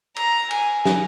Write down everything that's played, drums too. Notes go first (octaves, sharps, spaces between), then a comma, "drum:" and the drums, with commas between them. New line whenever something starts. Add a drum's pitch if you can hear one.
A#5, drum: cymbal
G#5, drum: cymbal
drum: snare